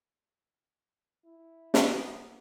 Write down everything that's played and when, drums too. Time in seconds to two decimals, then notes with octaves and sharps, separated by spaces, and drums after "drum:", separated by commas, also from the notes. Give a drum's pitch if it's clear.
1.26 E4
1.74 A#3 B3 G#4, drum: snare